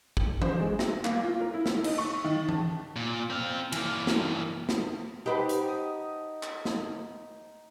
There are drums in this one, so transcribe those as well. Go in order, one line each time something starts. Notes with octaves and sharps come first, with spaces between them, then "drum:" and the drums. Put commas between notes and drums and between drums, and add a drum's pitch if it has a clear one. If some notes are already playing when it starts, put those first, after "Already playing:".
F#7, drum: kick
C5, drum: tom E3
G#3
A#6, drum: snare
A#3, drum: clap
F4
A#4
E4
drum: snare
D#4, drum: cymbal
C#6
D#3
A5, drum: tom E3
A#2
C4 F5
E3 A#3, drum: cymbal
drum: snare
drum: snare
D#4 G4 B4 C5 F#5 A5
drum: hi-hat
D#6
drum: clap
drum: snare